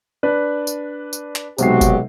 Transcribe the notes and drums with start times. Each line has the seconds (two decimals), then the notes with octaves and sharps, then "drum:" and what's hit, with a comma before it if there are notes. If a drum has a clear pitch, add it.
0.23 D4 B4
0.67 drum: tambourine
1.13 drum: tambourine
1.36 drum: clap
1.58 B1 C3 G#3 F#4 G4 C7, drum: tambourine
1.81 drum: kick F#1, tambourine